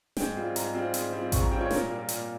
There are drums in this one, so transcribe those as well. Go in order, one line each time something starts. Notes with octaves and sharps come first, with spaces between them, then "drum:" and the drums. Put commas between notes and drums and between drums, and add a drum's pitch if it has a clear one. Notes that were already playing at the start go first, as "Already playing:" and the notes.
G#2 G5, drum: snare
G3 C4 F4
G#2 A#5, drum: hi-hat
G3 C4 F4
G#2, drum: hi-hat
G3 C4 F4
G#2 C#6, drum: kick A1, hi-hat
A#5
G3 C4 F4 G5
C#5
A#2 A#4, drum: snare
G3 A#3 F4
A#2, drum: hi-hat